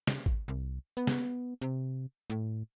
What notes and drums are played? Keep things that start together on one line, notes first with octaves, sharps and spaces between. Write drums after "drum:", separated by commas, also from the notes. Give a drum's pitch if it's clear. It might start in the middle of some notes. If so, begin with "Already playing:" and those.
drum: snare
drum: kick
C2
B3
drum: snare
C3
A2